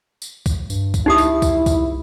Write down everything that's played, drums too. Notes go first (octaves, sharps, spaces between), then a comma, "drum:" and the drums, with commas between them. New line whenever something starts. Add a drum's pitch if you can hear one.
drum: tambourine
drum: kick C2, tambourine
G2, drum: tambourine
drum: kick C2, tambourine
C#2 D#4 E4 G4 D#6
drum: tambourine
drum: kick C2, tambourine
drum: kick C2, tambourine